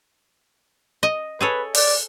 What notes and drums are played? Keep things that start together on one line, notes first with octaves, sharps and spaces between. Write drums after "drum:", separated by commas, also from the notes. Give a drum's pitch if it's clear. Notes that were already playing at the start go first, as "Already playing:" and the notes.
D#5
G#4 A4 B4 C#5
D5, drum: open hi-hat